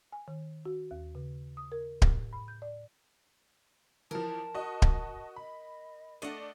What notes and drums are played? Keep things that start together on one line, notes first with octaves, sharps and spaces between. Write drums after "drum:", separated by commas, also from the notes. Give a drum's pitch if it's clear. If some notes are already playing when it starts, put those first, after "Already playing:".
G#5
D#3
F#4
D#2
C#3
D#6
A#4
A2, drum: kick D1
B5
G6
D5
E3 F3 A#4 A5
F#4 D#5
drum: kick D1
D#5 B5
A3 D4 D#5 F#5